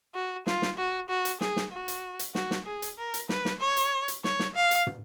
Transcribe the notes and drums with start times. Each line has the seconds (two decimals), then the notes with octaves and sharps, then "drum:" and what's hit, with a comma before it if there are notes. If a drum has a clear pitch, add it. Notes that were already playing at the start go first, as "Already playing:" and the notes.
0.15 F#4
0.47 F4, drum: snare
0.62 drum: snare
0.78 F#4
1.09 F#4
1.25 drum: hi-hat
1.41 G#4, drum: snare
1.56 drum: snare
1.72 F#4
1.88 drum: hi-hat
2.19 drum: hi-hat
2.35 F#4, drum: snare
2.51 drum: snare
2.66 G#4
2.82 drum: hi-hat
2.98 A#4
3.14 drum: hi-hat
3.29 B4, drum: snare
3.45 drum: snare
3.60 C#5
3.77 drum: hi-hat
4.08 drum: hi-hat
4.24 C#5, drum: snare
4.39 drum: snare
4.55 F5
4.71 drum: hi-hat
4.87 drum: tom